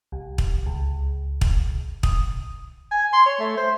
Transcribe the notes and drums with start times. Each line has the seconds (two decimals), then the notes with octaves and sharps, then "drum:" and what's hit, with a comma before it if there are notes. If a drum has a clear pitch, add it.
0.12 C2
0.38 drum: kick
0.66 C#2
1.41 drum: kick
2.03 D#6, drum: kick
2.91 G#5
3.13 C6
3.26 C#5
3.39 A3
3.57 C5